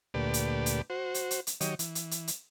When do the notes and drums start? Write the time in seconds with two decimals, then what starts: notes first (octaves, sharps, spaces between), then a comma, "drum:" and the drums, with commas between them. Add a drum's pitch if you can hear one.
0.14 D2 A#2 A3 G4 B4 D5
0.34 drum: hi-hat
0.66 drum: hi-hat
0.90 F#4 C5
1.14 drum: hi-hat
1.31 drum: hi-hat
1.47 drum: hi-hat
1.61 D#3 F#3 G4 C#5 D#5, drum: hi-hat
1.79 E3, drum: hi-hat
1.95 drum: hi-hat
2.11 drum: hi-hat
2.28 drum: hi-hat